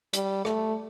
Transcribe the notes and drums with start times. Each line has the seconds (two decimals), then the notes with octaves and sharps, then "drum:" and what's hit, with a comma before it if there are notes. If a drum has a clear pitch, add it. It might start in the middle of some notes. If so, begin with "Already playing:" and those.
0.13 G3, drum: hi-hat
0.45 A3, drum: rim click